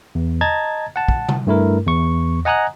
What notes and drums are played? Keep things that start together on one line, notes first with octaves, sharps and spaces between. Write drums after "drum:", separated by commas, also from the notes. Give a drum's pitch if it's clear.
E2
D#5 A5 A#5 G#6 A6
F#5 A5
drum: kick
drum: tom C3
G2 A3 E4 A#4
E2 C#6
D#5 F#5 G#5 A#5 D#6 F#6